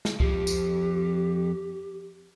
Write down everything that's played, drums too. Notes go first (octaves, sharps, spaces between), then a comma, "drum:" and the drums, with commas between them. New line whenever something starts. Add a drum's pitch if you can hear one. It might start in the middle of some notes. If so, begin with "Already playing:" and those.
drum: snare
F2 F3 G4, drum: kick C2
drum: tambourine